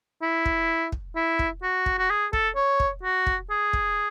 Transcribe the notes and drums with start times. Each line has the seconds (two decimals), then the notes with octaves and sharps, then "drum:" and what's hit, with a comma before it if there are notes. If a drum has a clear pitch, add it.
0.22 E4
0.46 drum: kick
0.92 drum: kick
1.16 E4
1.39 drum: kick
1.63 F#4
1.86 drum: kick
1.99 F#4
2.10 G#4
2.33 A4, drum: kick
2.56 C#5
2.80 drum: kick
3.03 F#4
3.27 drum: kick
3.50 G#4
3.73 drum: kick